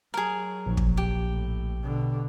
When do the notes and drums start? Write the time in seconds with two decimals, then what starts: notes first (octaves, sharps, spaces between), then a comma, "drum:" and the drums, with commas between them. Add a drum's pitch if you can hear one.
0.14 F#3 G#4 A#4
0.66 A#1
0.77 drum: kick
0.97 G4
1.30 A2
1.81 B2 D3